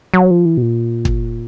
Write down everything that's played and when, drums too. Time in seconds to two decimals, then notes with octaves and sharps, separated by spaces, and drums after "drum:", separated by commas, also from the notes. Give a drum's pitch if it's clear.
0.14 F#3
0.31 F3
0.45 E3
0.57 B2
0.62 A#2
1.05 drum: kick